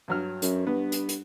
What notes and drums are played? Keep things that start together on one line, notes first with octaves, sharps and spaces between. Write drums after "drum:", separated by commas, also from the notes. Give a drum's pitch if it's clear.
G2 F#3 F6
F#2, drum: hi-hat
G2 B3
drum: hi-hat
drum: hi-hat